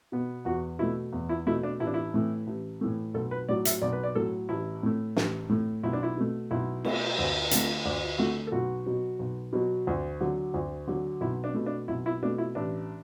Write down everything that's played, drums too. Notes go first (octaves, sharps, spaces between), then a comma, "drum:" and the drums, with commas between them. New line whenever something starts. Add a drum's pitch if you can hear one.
B2 B3
E2 F#4
B2 A3 E4
E2
E4
B2 A3 E4
D4
A1 E4
D4
E4
A2 E3 A3
A1
A2 E3 A3
B1 A4
B4
A2 F#3 D5
E5, drum: hi-hat
B1 D5
B4
D5
A2 F#3 A4
A1 E4
A2 A3
A1, drum: snare
A2 A3
B1 E4
D4
E4
B2 A3
B1 E4
B2 A3, drum: cymbal
D2
D3 A3, drum: hi-hat
D2 D4
D3 A3 F#4
A4
B1 F#4
B2 F#3
B1
B2 F#3
D2
D3 F#3
D2
D3 F#3
B1 E4
D4
B2 A3
D4
B1 E4
E4
B2 A3 D4
E4
A1 D4